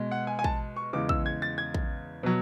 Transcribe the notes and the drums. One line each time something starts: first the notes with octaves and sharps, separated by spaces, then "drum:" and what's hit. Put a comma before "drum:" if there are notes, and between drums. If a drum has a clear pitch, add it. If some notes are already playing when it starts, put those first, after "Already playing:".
Already playing: B2 G#3
F#5
G#5
G#5
A5, drum: kick
C#6
E2 C#3 G#3 D6
E6, drum: kick
G#6
A6
G#6
drum: kick
B2 F#3